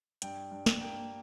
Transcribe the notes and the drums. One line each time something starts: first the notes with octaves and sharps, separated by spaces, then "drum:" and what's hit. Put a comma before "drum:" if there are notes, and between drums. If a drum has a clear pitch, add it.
G2 G5, drum: hi-hat
G2
drum: snare
A#3 G5